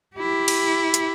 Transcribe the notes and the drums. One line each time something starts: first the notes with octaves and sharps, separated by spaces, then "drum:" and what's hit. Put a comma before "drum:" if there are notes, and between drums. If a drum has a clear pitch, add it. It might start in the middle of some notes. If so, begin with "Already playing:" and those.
E4 G4
drum: cymbal
drum: hi-hat